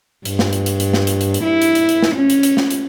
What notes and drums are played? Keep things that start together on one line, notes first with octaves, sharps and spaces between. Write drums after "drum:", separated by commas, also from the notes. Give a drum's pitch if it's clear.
G2, drum: hi-hat
drum: snare
drum: hi-hat
drum: hi-hat
drum: hi-hat
drum: snare
drum: hi-hat
drum: hi-hat
drum: hi-hat
E4
drum: hi-hat
drum: hi-hat
drum: hi-hat
drum: snare
C#4
drum: hi-hat
drum: hi-hat
drum: snare
drum: hi-hat